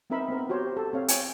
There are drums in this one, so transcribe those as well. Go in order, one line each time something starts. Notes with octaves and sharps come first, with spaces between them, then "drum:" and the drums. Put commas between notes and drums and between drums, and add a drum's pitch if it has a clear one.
B3 C4 D#4 A#4 E5 B5
B3 C4 A#4
F#4 G4 C5 C#5
A4
C4 C#5 F5
C#5 G5 G#5, drum: hi-hat